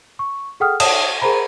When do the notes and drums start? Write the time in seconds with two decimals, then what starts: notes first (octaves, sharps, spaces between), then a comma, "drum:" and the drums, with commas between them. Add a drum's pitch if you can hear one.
0.19 C#6
0.60 G#4 A4 F#5 G5 D#6 F6
0.80 C#5 D5 F#5 A5 D#6 E7, drum: cymbal
1.22 G#4 A#4 C5 A#5 B5